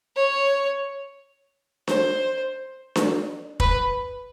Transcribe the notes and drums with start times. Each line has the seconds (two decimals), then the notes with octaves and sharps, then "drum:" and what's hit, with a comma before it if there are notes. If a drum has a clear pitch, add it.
0.16 C#5
1.88 C5, drum: snare D4
2.96 drum: snare D4
3.60 B4, drum: kick